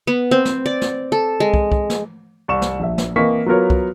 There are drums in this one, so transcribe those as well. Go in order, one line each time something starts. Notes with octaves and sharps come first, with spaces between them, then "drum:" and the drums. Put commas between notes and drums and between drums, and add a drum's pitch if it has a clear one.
B3
C4
drum: snare
D5
drum: snare
A4
G#3
drum: kick
drum: kick
drum: snare
C2 D5 C#6 E7
drum: snare
A#1 E5
drum: snare
E3 A#3 C4 D#5 C#6 B6
F#3 B3 F4 A#4 C#5
drum: kick